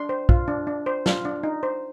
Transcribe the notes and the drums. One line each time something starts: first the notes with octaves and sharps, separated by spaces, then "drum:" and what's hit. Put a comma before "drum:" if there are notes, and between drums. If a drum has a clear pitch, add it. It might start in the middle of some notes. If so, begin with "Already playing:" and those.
Already playing: D4 C6
C5
F4, drum: kick
D4
D4
C5
F4, drum: snare
D4
D#4
C5